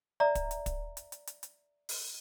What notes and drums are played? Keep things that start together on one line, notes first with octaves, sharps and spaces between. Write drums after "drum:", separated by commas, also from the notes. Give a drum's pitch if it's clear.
D5 E5 A#5
drum: kick, hi-hat
drum: hi-hat
drum: kick, hi-hat
drum: hi-hat
drum: hi-hat
drum: hi-hat
drum: hi-hat
drum: open hi-hat